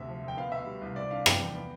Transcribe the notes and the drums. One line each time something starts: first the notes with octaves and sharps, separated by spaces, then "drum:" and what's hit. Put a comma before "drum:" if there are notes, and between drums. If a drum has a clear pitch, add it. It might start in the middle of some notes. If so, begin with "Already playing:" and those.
Already playing: D2 C3 E5
F3
D2 G5
B3 F5
B2 E5
G3
C2
C4 D5
D3 F5
F3 G5, drum: rim click
E2
B3